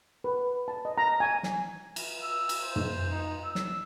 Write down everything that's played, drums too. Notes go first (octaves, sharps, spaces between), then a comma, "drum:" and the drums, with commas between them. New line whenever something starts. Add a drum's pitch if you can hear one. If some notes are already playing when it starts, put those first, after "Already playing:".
B4
A5
D#5
A#5
G#5
drum: snare
drum: cymbal
E6
drum: cymbal
C5
drum: tom
D#4
E6
drum: snare